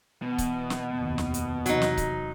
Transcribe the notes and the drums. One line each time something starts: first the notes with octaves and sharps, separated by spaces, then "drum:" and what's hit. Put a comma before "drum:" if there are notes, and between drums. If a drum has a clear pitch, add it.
B2 E3 B3
drum: kick C#1, hi-hat
drum: snare
F1 D#2
drum: snare
drum: hi-hat
E2 C3 F#3 D#4, drum: hi-hat
drum: snare
drum: kick C#1, hi-hat